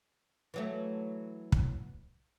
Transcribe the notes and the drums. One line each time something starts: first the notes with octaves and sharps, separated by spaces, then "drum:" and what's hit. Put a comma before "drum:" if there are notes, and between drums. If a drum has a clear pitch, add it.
E3 F#3 A3
drum: kick